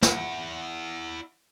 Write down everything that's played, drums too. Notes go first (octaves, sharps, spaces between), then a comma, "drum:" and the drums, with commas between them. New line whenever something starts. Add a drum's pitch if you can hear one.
E4 F#5, drum: snare